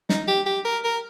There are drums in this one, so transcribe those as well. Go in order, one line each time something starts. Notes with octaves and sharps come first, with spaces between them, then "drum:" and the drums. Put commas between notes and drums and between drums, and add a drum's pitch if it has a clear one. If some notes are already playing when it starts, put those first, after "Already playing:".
D#4, drum: snare
G4
G4
A#4
A#4